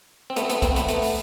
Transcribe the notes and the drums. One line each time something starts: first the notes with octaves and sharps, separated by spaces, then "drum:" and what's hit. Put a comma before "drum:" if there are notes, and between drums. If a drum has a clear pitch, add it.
C4
A3 B3, drum: hi-hat
C4
A3 B3, drum: hi-hat
A#3 C4, drum: kick, hi-hat
A3 B3, drum: hi-hat
A3 B3, drum: hi-hat
drum: open hi-hat